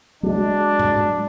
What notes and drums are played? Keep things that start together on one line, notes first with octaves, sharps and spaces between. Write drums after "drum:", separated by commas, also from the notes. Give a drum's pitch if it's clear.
F#3 G#3 D4
drum: tom G#2